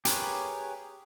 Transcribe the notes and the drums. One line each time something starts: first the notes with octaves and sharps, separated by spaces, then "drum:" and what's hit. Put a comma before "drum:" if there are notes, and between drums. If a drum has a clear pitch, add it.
G4 G#4 A#4 B4 C#5, drum: hi-hat